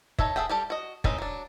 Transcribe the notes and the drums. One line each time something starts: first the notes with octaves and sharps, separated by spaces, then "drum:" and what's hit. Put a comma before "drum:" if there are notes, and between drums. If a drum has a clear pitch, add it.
D#4 A4 C#5 E5, drum: kick
G#4 A4 E5 F#5 G5
G3 G4 A4
F#4 D#5
G#3 C4 C#4 D#4 B4, drum: kick
F#3 D4